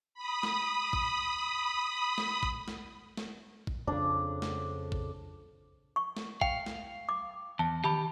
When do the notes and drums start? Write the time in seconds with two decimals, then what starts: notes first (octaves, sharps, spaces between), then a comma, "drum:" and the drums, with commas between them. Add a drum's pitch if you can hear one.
0.14 B5 D#6
0.43 drum: snare
0.93 drum: kick
2.18 drum: snare
2.43 drum: kick
2.68 drum: snare
3.17 drum: snare
3.67 drum: kick
3.87 F2 C#3 D4
4.42 drum: snare
4.92 drum: kick
5.96 C#6
6.17 drum: snare
6.41 F5 G5, drum: kick
6.66 drum: snare
7.09 D6
7.59 E2 A5
7.84 D#3 G4 A5 B5